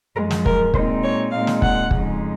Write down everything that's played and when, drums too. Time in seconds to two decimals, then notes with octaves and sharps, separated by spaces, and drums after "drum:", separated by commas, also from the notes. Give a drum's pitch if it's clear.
0.16 F#2 F3 G#3 A#4
0.31 drum: snare
0.46 A#4, drum: kick
0.74 A#2 G#3 C4 D#4 C5, drum: kick
1.04 C#5
1.32 A#2 G#3 C4 D#4 F5
1.47 drum: snare
1.62 F#5, drum: kick
1.91 F2 C#3 G#3 D#4, drum: kick